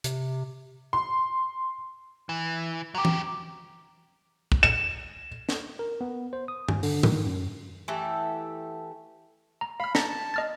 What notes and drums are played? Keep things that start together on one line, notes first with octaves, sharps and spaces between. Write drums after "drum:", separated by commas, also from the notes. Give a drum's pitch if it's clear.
C3, drum: hi-hat
C6
E3
F#3 G4 A#5 D6
drum: tom E3
drum: kick
E7
drum: snare
A#4
B3
C5
D#6
G#5, drum: tom G2
D3, drum: open hi-hat
D#3, drum: tom G#2
F#2
E3 A3 G4 A4
A#5
F5 B5 F6
A5 A#5 A#6 B6 C#7, drum: snare
A5
D#5 F6 A6